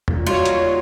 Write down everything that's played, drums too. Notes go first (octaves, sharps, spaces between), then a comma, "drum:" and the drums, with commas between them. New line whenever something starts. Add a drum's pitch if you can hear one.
A#2, drum: tom E2
G3 D#4 F4 F#4 C#5 A#5
drum: hi-hat